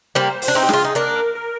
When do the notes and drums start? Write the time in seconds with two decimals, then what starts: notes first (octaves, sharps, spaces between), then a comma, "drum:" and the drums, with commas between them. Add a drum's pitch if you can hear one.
0.15 G3 A#3 C5
0.42 C5, drum: open hi-hat
0.48 D4
0.55 C4 D#4
0.63 G4
0.69 F4 G#4, drum: snare
0.84 D#4
0.95 A#3 D4 A#4, drum: hi-hat
1.35 A#4